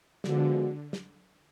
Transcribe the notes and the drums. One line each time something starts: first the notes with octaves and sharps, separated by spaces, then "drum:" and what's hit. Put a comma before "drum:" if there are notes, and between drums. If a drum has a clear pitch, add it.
D3 F3 G#3 B3 F#4, drum: snare
drum: snare